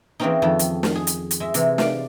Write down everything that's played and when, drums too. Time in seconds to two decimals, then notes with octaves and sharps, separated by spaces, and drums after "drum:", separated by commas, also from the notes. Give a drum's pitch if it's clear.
0.20 E3 G#3 A#3 C4 C#4 D#4
0.42 F2 D#3 A4
0.59 drum: hi-hat
0.83 drum: snare
0.95 G#4
1.07 drum: hi-hat
1.31 drum: hi-hat
1.40 G#3 E5
1.54 C3 E3, drum: hi-hat
1.78 D5 F5, drum: snare